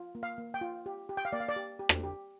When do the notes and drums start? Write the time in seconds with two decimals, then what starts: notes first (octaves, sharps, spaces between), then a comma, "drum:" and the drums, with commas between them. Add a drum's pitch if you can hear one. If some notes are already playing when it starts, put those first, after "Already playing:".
Already playing: F4
0.15 A#3
0.23 F5
0.38 A#3
0.54 G5
0.61 F4
0.86 G4
1.09 G4
1.17 G5
1.25 F5
1.33 A#3 D5
1.40 F5
1.49 D5
1.56 G4
1.79 G4
1.89 drum: rim click
2.03 G4